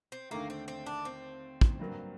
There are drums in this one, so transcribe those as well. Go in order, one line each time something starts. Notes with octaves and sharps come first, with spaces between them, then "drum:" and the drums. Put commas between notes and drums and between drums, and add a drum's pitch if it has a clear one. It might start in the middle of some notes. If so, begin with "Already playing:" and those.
C4
D#2 D3 A3 A#3
C4
C4
D4
C4
drum: kick
G2 F#3 A#3